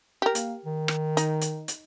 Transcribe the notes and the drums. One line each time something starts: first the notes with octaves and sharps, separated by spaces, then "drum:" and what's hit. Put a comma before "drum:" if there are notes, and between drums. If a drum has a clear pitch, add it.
G4 A#4
A#3, drum: hi-hat
D#3
drum: rim click
D#4, drum: hi-hat
drum: hi-hat
drum: hi-hat